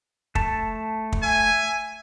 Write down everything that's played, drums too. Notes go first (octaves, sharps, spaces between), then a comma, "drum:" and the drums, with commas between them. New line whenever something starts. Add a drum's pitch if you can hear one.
A3 A5, drum: kick
drum: kick
E5 G#5